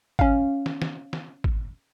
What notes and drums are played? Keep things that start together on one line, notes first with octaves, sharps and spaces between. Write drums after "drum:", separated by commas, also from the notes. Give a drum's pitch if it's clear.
C#4 F5, drum: kick G#1
drum: snare
drum: snare
drum: snare
drum: kick G#1